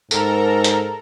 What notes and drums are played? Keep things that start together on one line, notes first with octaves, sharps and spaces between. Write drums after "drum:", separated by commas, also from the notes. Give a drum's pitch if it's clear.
G#2 A4 A#4 A#5, drum: tambourine
drum: hi-hat